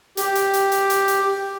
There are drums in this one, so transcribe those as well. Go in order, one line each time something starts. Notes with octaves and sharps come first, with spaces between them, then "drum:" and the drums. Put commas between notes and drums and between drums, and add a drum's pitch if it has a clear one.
G4, drum: hi-hat
drum: hi-hat
drum: hi-hat
drum: hi-hat
drum: hi-hat
drum: hi-hat